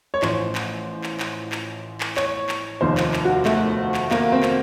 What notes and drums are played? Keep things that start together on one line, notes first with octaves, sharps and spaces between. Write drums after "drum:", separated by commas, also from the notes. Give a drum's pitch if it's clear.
C#5
A1 A2 F3 C5, drum: clap
drum: clap
drum: clap
drum: clap
drum: clap
drum: clap
C#5, drum: clap
drum: clap
F1 D#2 D#3 C5
drum: clap
drum: clap
F#4
A3, drum: clap
drum: clap
A#3, drum: clap
C4
drum: clap